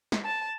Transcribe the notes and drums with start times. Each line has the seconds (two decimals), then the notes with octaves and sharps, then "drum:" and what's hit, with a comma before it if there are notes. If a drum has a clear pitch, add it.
0.12 drum: snare
0.25 A5